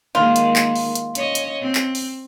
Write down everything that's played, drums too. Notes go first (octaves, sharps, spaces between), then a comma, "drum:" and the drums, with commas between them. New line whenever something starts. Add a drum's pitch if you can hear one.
D#3 G#3 A#3 F4
drum: hi-hat
drum: clap
drum: open hi-hat
drum: hi-hat
C#4 C#5 D#5, drum: hi-hat
drum: hi-hat
C4
drum: clap
drum: open hi-hat